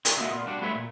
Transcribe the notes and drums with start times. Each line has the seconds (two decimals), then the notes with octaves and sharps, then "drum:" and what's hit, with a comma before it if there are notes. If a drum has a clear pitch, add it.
0.05 D3 A#3, drum: hi-hat
0.17 A#3 D4 F4 F#4 D#5 E5
0.31 A#2 B3 F4
0.46 G3 D4 F#4
0.61 G3 A3 F4 B4 C#5 E5
0.75 A#2